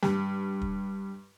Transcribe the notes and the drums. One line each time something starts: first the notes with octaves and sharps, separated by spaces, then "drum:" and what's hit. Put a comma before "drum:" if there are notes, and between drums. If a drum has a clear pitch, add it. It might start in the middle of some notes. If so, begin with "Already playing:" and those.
G2, drum: snare
drum: kick